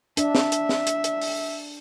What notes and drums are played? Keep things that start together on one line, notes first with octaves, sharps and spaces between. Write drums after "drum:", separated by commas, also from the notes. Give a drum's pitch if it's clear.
D4 E5, drum: hi-hat
drum: snare
drum: hi-hat
drum: snare
drum: hi-hat
drum: hi-hat
drum: open hi-hat